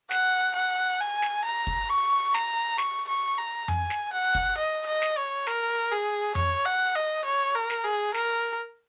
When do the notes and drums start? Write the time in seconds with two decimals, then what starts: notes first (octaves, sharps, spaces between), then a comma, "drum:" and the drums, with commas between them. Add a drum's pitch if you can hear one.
0.11 F#5, drum: snare
0.55 F#5
1.00 G#5
1.22 drum: snare
1.44 A#5
1.67 drum: kick
1.89 C#6
2.34 A#5, drum: snare
2.78 C#6, drum: snare
3.08 C#6
3.38 A#5
3.68 G#5, drum: tom F2
3.90 drum: snare
4.13 F#5
4.35 drum: kick
4.57 D#5
4.87 D#5
5.02 drum: snare
5.17 C#5
5.47 A#4, drum: snare
5.91 G#4
6.35 C#5, drum: tom F2
6.66 F#5
6.95 D#5
7.25 C#5
7.55 A#4
7.70 drum: snare
7.84 G#4
8.14 A#4, drum: snare